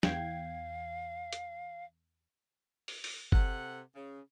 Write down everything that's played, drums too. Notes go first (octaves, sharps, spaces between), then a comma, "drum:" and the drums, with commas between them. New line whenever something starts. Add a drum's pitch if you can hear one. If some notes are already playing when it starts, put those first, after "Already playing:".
E2 F5 G5 G#6, drum: snare
drum: hi-hat
drum: open hi-hat
drum: open hi-hat
C3 A4 F#5, drum: kick
C#3